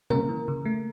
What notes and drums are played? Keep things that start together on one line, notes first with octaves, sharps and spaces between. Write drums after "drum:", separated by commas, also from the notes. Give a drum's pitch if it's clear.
C#3 A#3 A#4, drum: tom B2
E3
C#3
A3